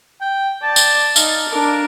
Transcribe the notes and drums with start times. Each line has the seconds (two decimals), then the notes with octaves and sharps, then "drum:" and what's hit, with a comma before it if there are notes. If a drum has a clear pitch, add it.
0.21 G5
0.63 D5 A5
0.76 drum: tambourine
1.16 D#4 F5 A5, drum: tambourine
1.49 D4 A#4